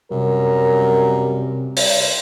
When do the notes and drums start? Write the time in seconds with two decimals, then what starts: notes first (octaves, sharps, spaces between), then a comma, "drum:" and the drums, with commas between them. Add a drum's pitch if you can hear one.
0.11 F#2 C3 G3 A#4
1.77 drum: open hi-hat